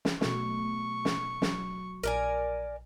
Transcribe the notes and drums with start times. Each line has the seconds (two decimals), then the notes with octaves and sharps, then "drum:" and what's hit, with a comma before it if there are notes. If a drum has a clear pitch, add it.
0.05 drum: snare
0.21 B2 F#3 A3 C#6, drum: snare
1.05 drum: snare
1.42 F#3, drum: snare
2.04 A#1 A#4 D5 G#5